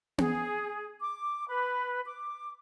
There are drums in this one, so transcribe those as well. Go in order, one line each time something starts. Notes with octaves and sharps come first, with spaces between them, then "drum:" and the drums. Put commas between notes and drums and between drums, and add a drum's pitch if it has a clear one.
G#4, drum: tom B3
D6
B4
D6